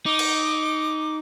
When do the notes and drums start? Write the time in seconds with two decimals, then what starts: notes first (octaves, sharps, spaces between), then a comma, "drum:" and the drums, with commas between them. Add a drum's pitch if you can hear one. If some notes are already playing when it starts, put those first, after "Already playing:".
0.06 D#4 D6
0.19 drum: cymbal